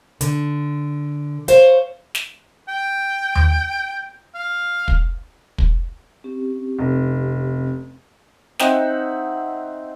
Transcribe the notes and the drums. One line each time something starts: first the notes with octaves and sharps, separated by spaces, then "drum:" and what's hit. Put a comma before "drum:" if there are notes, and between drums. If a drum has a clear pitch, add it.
D3, drum: hi-hat
C5 C#5 F5, drum: hi-hat
drum: snare
G5
drum: tom D#2
F5
drum: kick
drum: kick
C4 C#4 G4
F1
C4 D#4 E5 F#5, drum: snare